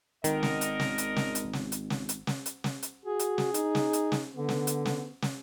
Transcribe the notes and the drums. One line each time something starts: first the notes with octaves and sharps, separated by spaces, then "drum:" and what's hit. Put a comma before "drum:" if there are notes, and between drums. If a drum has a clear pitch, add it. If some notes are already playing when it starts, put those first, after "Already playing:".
G#1 D3 D#3 A#4 D#5, drum: hi-hat
drum: snare
drum: hi-hat
drum: snare
drum: hi-hat
drum: snare
drum: hi-hat
drum: snare
drum: hi-hat
drum: snare
drum: hi-hat
drum: snare
drum: hi-hat
drum: snare
drum: hi-hat
F#4 G#4
drum: hi-hat
drum: snare
D#4, drum: hi-hat
drum: snare
drum: hi-hat
drum: snare
D3 B3
drum: snare
drum: hi-hat
drum: snare
drum: snare